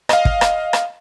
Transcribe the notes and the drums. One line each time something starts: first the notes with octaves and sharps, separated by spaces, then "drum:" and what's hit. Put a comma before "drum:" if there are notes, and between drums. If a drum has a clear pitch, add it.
D#5 F5, drum: rim click
drum: kick
drum: rim click
drum: rim click